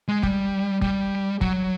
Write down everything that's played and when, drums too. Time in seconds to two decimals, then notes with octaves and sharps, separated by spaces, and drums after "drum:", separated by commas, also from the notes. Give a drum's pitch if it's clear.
0.08 G#3
0.23 G3, drum: kick
0.82 G3, drum: kick
1.41 F#3, drum: kick